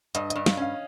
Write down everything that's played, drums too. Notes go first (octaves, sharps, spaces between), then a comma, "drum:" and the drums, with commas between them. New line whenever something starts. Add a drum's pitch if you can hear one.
G2 D#5, drum: hi-hat
D#5, drum: hi-hat
G2
F5, drum: snare
C#4 F5